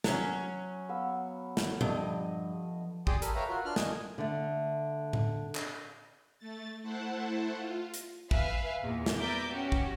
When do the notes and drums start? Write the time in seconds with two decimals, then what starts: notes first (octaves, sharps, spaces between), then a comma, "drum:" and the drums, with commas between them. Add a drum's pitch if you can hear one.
0.04 F#3 C#4, drum: snare
0.89 B3 F5 E6
1.57 drum: snare
1.81 G2 F3 A3 D#5, drum: tom A#2
3.07 G4 G#4 D5 G5 C6 D#6, drum: kick
3.22 A4 A#4 B5, drum: hi-hat
3.35 B4 C#5 E5 F5 G5 A#5
3.49 F4 F#4 A#4
3.65 D4 F4 F6 F#6
3.76 D#5 G#5, drum: snare
4.18 D3 A3
5.13 drum: tom A2
5.55 drum: clap
6.39 A3 A6
6.83 A3 E4 C5 F#5 A5
7.57 F4
7.94 drum: hi-hat
8.31 B4 E5 F5 G#5, drum: kick
8.83 E2 A#2
9.06 drum: snare
9.16 A#4 B4 D5 E5 D6 G6
9.48 C#4 F#4 G4
9.72 drum: kick